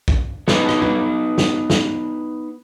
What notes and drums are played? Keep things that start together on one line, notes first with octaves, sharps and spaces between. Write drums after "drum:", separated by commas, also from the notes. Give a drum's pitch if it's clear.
drum: kick
B3 D#4 B4, drum: snare
drum: rim click
drum: tom
drum: snare
drum: snare